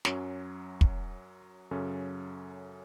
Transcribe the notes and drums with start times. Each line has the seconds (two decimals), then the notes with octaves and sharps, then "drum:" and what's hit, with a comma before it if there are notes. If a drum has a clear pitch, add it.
0.05 F#2 F#3 C#4, drum: snare
0.81 drum: kick
1.71 F#2 C#3 F#3 C#4 A4